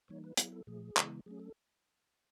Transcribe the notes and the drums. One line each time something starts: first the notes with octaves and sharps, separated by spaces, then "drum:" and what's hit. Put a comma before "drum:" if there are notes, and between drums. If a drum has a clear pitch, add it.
E3 G3 A#3 D#4 C#5
B4
F#3 B3 E4 G#4, drum: hi-hat
A4
A#2 F3 A3 G#4
C#3 E3 G#3 B3 E4, drum: clap
F#3 A3 C#4 G#4
A4